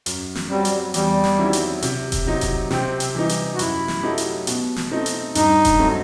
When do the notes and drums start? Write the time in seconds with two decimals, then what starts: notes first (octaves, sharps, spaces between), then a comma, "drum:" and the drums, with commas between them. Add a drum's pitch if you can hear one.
0.06 F#2, drum: hi-hat
0.35 drum: snare
0.50 F#3 G3 C4
0.65 drum: hi-hat
0.94 E2 G3, drum: hi-hat
1.24 drum: snare
1.39 D#3 F#3 C4 E4
1.53 drum: hi-hat
1.82 C3, drum: hi-hat
2.12 drum: kick E1, hi-hat
2.27 F#3 C4 D#4
2.41 drum: kick E1, hi-hat
2.71 C3 C4, drum: snare
3.00 drum: hi-hat
3.14 E3 G3 D#4
3.29 drum: hi-hat
3.55 F#4
3.59 F#2 E4, drum: hi-hat
3.88 drum: snare
4.03 F#3 A3 D#4 G4
4.18 drum: hi-hat
4.47 B2, drum: hi-hat
4.76 drum: snare
4.92 A3 C4 D#4
5.06 drum: hi-hat
5.35 G2 D#4, drum: hi-hat
5.65 drum: kick E1, hi-hat
5.79 F#3 A3 C4